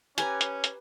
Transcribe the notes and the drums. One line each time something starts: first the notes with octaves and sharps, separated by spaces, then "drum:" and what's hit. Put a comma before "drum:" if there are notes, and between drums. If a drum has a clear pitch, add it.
C#4 G4 B4 G#5 A#5, drum: hi-hat
drum: hi-hat
drum: hi-hat